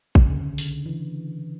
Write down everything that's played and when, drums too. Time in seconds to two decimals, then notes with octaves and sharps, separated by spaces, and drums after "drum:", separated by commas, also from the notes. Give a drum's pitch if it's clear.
0.15 C#3, drum: kick A1
0.30 D3
0.43 D3
0.58 D3, drum: open hi-hat
0.72 D3
0.86 E3